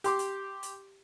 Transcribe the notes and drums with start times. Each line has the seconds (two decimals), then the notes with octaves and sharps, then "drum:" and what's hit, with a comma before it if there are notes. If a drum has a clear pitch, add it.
0.04 G4 C6 D6, drum: hi-hat
0.19 drum: hi-hat
0.63 drum: hi-hat